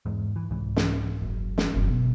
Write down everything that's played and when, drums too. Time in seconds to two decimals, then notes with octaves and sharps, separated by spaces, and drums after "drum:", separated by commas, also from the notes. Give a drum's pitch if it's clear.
0.05 E2 G#2
0.36 E3
0.50 C2 G#2 E3
0.76 drum: snare
1.21 F#1
1.58 drum: snare
1.74 F#1 F#2
1.87 B2